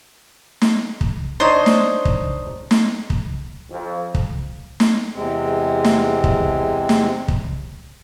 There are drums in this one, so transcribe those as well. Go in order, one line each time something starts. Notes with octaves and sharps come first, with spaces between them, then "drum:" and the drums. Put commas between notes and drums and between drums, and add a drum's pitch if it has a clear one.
drum: snare
drum: kick
D4 D#4 C5 C#5 D#5
drum: snare
drum: kick
drum: snare
drum: kick
F2
drum: kick
drum: snare
E2 C3 G#3 C4
drum: snare
drum: kick
drum: snare
drum: kick